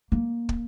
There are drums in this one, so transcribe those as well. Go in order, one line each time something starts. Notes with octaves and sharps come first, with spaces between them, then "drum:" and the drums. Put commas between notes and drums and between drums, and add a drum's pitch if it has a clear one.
A#3
drum: kick